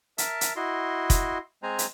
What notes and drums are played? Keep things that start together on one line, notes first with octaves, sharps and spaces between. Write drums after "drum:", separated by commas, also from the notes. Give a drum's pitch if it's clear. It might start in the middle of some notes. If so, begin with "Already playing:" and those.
A#4 E5 A5, drum: hi-hat
drum: hi-hat
E4 F#4 D#5 C6
drum: kick F1, hi-hat
G#3 C4 C5 G#5 A#5
drum: hi-hat